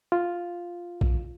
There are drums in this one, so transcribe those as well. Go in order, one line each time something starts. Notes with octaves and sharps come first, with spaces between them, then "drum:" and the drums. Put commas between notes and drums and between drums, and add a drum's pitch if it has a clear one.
F4
drum: kick A#1